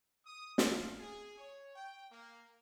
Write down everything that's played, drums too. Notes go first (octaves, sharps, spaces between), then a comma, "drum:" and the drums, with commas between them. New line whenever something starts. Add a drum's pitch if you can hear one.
D#6
F4, drum: snare
G#4
C#5
G5
A#3